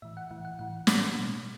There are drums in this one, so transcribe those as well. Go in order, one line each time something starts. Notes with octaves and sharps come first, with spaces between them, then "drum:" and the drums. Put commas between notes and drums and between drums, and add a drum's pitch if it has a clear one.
A2 E3 E5
F#5
A2 E3 F#5
F#5
A2 E3 F#5
A2 E3, drum: snare
B2